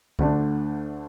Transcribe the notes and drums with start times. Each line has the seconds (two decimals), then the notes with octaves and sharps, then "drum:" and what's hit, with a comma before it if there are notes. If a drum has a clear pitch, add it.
0.19 D2 D3 A3 D4, drum: kick C2